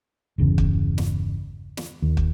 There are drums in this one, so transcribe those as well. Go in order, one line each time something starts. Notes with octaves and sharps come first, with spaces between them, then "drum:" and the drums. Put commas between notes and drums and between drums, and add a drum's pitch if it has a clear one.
G1 E2 C#3
drum: kick
drum: snare
drum: snare
D#2
drum: kick